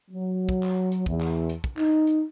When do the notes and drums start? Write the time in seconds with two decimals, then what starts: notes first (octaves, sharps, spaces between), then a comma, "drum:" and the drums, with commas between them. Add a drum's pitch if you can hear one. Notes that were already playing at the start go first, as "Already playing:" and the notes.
0.11 F#3
0.49 drum: kick
0.63 drum: clap
0.92 drum: hi-hat
1.06 E2, drum: kick
1.21 drum: clap
1.50 drum: hi-hat
1.64 drum: kick
1.77 D#4, drum: clap
2.07 drum: hi-hat